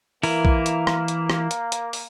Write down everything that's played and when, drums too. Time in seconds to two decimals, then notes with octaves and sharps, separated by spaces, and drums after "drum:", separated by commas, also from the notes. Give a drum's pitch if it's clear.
0.23 E3 A#3 E4 A#4, drum: open hi-hat
0.45 drum: kick A#1
0.66 drum: hi-hat
0.87 drum: rim click
1.08 drum: hi-hat
1.30 drum: rim click
1.51 drum: hi-hat
1.72 drum: hi-hat
1.93 drum: open hi-hat